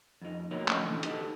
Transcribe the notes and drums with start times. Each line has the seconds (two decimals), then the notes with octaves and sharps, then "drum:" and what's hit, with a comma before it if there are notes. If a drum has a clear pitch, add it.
0.22 F2 D#4
0.51 D2 B2 A#3 D#4 A#4 C#5
0.68 F3 A3 C#4 A#4 B4 D#5, drum: clap
0.84 A#2 D3 E3
1.03 D#4 G4 A4 B4 D#5, drum: hi-hat